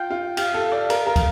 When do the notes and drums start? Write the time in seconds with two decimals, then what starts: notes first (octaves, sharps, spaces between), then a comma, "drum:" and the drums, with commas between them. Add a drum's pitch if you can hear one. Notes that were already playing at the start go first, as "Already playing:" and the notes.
Already playing: F4 G5
0.10 F4
0.37 G4 F5, drum: cymbal
0.54 A4
0.72 D5
0.90 A#4, drum: cymbal
1.07 A#4
1.16 drum: kick, cymbal